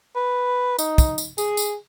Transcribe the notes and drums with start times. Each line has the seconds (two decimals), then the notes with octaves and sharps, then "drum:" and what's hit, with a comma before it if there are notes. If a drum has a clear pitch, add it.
0.15 B4
0.79 D#4, drum: tambourine
0.98 drum: kick, tambourine
1.18 drum: tambourine
1.38 G#4, drum: tambourine
1.57 drum: tambourine